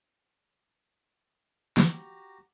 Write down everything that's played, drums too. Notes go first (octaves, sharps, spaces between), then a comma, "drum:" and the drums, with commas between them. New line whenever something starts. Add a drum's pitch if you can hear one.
F#4 G4 A#5, drum: snare